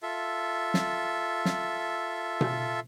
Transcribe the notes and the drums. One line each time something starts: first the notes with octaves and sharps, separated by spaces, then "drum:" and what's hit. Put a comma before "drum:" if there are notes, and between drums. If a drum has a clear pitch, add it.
F4 A4 E5
drum: snare
drum: snare
drum: tom B2